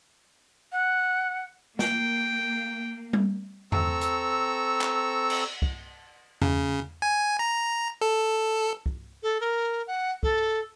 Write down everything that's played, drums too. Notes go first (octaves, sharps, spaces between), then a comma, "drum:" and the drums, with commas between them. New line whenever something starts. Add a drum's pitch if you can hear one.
F#5
A#3 G5, drum: snare
drum: tom G3
C4 A4 A#5 C#6 E6, drum: tom E2
drum: hi-hat
drum: clap
drum: cymbal
drum: kick C2
C#3, drum: tom E2
G#5
A#5
A4
drum: kick C2
A4
A#4
F#5
A4, drum: kick C2